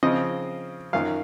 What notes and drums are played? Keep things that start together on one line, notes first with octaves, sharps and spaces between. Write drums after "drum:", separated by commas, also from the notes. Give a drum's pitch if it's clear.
C#3 F3 C4 D#5, drum: tom C4
F#2 D#3 A#3 C#4 F4 F5